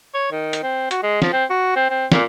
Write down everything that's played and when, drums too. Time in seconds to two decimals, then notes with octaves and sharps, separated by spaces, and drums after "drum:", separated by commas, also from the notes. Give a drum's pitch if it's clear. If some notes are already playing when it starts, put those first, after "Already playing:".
0.14 C#5
0.31 D#3
0.53 drum: hi-hat
0.63 C4
0.91 F#4, drum: hi-hat
1.03 G#3
1.22 F3, drum: snare
1.33 C4
1.50 F#4
1.76 C4
1.90 C4
2.12 A#2, drum: snare